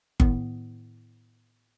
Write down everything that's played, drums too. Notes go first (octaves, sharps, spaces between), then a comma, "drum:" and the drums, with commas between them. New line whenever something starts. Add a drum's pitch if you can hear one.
A2 D#3 B3, drum: kick G1